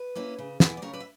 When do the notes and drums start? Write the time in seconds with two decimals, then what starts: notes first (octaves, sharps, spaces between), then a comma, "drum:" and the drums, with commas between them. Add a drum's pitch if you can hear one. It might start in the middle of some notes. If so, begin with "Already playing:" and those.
Already playing: B4
0.15 A#3 C#4 E4
0.38 C#3
0.60 E3 B3 E4, drum: snare
0.77 D5
0.82 C#3 A#4 C#5
0.93 B4 D5
1.00 E5